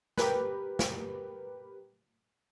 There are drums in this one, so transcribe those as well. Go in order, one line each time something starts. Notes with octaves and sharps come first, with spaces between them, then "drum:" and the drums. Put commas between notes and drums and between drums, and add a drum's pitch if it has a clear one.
G4 A#4 B4, drum: snare
drum: snare